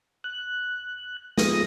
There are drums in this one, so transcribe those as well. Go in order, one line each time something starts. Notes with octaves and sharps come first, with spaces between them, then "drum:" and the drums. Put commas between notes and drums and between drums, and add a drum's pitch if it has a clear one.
F#6
F3 G#3 B3 D#6 A#6, drum: snare